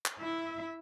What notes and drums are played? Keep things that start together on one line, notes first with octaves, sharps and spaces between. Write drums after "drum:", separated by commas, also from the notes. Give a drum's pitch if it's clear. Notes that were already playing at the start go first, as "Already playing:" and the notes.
drum: clap
E4 E5